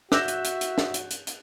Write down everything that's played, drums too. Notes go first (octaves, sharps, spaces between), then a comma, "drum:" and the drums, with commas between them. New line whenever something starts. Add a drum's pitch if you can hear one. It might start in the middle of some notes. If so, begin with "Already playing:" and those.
F#4 E5 D6 E6 F#6 G6 A#6 E7, drum: snare
drum: hi-hat
drum: hi-hat
drum: hi-hat
drum: snare
drum: hi-hat
drum: hi-hat
drum: hi-hat